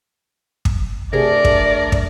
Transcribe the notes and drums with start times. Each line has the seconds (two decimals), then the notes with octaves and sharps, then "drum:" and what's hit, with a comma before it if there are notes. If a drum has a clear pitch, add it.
0.65 drum: kick
1.13 C3 A3 D4 G#4 A#4 D5
1.45 drum: kick
1.92 drum: kick